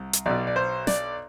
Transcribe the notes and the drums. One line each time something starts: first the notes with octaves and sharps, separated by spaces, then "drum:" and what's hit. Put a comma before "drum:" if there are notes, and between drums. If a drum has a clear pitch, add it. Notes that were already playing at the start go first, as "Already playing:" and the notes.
Already playing: C2
drum: hi-hat
B1 B2 D5
D5
C5
D5, drum: snare